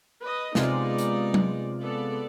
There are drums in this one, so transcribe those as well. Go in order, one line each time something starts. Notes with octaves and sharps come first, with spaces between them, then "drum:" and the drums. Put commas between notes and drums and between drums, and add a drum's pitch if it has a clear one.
B4 D#5
C3 G#3 B3 D#4 F4 D5, drum: snare
drum: hi-hat
drum: tom F#3
B3 A4 D5